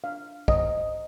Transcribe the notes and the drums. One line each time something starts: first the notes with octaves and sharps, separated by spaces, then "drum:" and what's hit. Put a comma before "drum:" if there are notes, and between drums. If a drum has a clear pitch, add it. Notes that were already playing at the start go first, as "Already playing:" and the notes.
D4 F5
C5 D#5, drum: kick